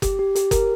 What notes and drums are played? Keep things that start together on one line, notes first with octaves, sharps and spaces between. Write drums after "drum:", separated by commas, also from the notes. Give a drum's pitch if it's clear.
G4, drum: kick F#1, hi-hat
G4
G4, drum: hi-hat
A#4, drum: kick F#1, hi-hat